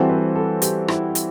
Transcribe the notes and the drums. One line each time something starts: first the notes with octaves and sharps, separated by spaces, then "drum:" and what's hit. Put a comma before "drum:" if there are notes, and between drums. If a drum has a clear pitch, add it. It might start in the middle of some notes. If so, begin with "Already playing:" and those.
Already playing: E3 G3 C4 F#4 A4 C5
B4
A4
G4, drum: hi-hat
E4, drum: rim click
drum: hi-hat